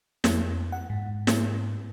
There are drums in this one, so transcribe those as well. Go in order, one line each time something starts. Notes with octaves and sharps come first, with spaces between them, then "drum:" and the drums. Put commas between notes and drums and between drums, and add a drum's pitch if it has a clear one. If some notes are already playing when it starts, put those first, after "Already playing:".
F2, drum: snare
F#5
G#2
drum: snare